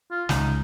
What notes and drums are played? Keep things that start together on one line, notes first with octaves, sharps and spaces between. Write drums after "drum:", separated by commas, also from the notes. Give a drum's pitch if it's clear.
F4
C#2 C#3 G#3 D#4, drum: snare